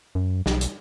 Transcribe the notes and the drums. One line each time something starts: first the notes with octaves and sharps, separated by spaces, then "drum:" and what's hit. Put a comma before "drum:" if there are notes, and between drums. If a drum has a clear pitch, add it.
F#2
B1, drum: snare
drum: hi-hat